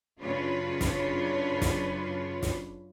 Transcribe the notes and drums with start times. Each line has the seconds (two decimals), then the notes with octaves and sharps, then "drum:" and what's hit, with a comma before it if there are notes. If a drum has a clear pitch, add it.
0.20 F#2 C#3 D4 F4 B4 C#5
0.81 drum: snare
1.62 drum: snare
2.42 drum: snare